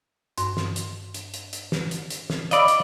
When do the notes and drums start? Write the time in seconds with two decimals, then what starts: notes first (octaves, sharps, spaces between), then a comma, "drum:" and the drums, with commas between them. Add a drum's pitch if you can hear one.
0.38 G2 C6, drum: hi-hat
0.57 drum: snare
0.76 drum: hi-hat
1.14 drum: hi-hat
1.34 drum: hi-hat
1.53 drum: hi-hat
1.72 drum: snare
1.91 drum: hi-hat
2.10 drum: hi-hat
2.30 drum: snare
2.51 D5 D#5 F5 B5 E6, drum: hi-hat
2.68 drum: hi-hat